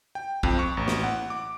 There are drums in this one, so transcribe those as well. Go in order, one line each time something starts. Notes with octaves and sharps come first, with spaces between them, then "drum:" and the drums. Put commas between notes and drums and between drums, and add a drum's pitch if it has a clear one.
G5
F2, drum: kick A#1
C#6
A1
drum: snare
F#5
D6